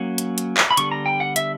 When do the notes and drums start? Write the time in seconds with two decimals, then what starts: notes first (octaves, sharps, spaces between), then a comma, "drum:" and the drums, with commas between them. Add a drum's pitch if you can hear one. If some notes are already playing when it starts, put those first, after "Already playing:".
Already playing: F#3 A#3 C#4 F#5
0.18 drum: hi-hat
0.38 drum: hi-hat
0.57 drum: clap
0.71 B5
0.77 D3 G3 B3 C#6, drum: hi-hat
0.92 A#5
1.06 G5
1.20 F#5
1.36 E5, drum: hi-hat